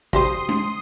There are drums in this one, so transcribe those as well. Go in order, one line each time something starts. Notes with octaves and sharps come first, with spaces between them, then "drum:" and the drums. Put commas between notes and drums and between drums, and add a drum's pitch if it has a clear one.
F#4 G4 C5 C6 D#6, drum: kick
drum: tom G#3